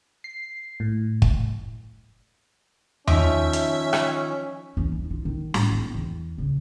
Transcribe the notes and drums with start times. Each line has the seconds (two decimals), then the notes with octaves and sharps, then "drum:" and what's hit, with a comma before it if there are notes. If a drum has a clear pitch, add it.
0.24 C7
0.80 A2
1.22 drum: kick
3.07 D#3 F3 C#4 D#4 E5, drum: tom E2
3.53 drum: hi-hat
3.93 drum: rim click
4.77 E2
4.92 E4
5.10 F4
5.25 D#3
5.54 A2, drum: snare
5.71 B3
5.95 E2
6.38 C#3